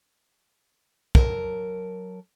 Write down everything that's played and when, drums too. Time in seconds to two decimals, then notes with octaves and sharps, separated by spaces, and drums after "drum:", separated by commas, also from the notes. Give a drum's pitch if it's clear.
1.15 F#3 A#4 A5, drum: kick